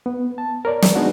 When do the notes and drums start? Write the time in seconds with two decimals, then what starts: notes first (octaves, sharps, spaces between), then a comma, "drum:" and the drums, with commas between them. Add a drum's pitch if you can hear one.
0.06 B3
0.38 A5
0.65 A#4 C#5 D5
0.82 drum: snare
0.95 G#3 B3 D4 D#4 F#4